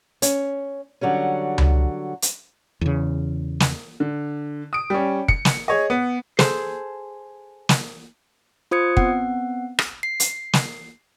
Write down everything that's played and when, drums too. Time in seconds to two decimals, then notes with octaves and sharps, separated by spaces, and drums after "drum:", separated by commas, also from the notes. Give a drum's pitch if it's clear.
0.22 C#4, drum: hi-hat
1.01 D3 F#3 G3 C#4
1.58 drum: tom C#2
2.22 drum: hi-hat
2.81 E2 C#3
3.60 drum: snare
4.00 D3
4.73 D#6 D7
4.90 G3 C#4
5.28 C#7, drum: kick
5.45 drum: snare
5.68 G#4 C#5 D#5
5.90 B3
6.39 G#4 A4 C5, drum: snare
7.69 drum: snare
8.71 F4 C5 D#6 G#6 C#7
8.97 B3 C4 F#5, drum: kick
9.79 drum: rim click
10.03 C7
10.20 drum: hi-hat
10.53 drum: snare